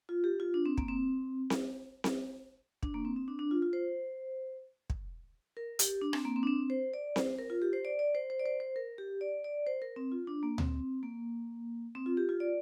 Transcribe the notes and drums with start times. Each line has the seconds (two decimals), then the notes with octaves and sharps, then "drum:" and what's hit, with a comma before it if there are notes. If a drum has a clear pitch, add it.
0.09 F4
0.24 G4
0.40 F4
0.54 D4
0.66 C4
0.78 A#3, drum: kick
0.88 C4
1.50 drum: snare C4
2.04 drum: snare C4
2.83 D4, drum: kick
2.94 A#3
3.05 C4
3.16 C4
3.28 D4
3.39 D4
3.51 F4
3.62 F4
3.73 C5
4.90 drum: kick
5.57 A#4
5.79 G4, drum: hi-hat
6.02 D4
6.13 C4, drum: rim click
6.25 A#3
6.36 C4
6.43 D4
6.47 C4
6.70 C5
6.94 D5
7.16 C5, drum: snare C4
7.39 A#4
7.50 F4
7.62 G4
7.73 C5
7.85 D5
7.99 D5
8.15 C5
8.30 C5
8.40 D5
8.46 C5
8.60 C5
8.76 A#4
8.98 G4
9.21 D5
9.44 D5
9.67 C5
9.82 A#4
9.96 C4
10.12 F4
10.27 D4
10.43 A#3
10.58 C4, drum: tom D2
11.03 A#3
11.95 C4
12.06 F4
12.17 G4
12.29 F4
12.40 D5